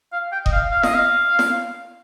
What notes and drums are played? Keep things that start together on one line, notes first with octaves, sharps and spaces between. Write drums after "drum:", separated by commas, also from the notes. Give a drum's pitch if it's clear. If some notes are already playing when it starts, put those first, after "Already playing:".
F5
G5
D#5, drum: kick E1
F5
F5
D#5, drum: snare
F5
drum: snare